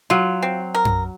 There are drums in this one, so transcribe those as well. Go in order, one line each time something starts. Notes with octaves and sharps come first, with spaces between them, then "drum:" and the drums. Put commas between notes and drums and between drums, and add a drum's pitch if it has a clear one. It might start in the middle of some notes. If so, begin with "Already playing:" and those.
F#3 F4
C4
A#4
drum: tom F#2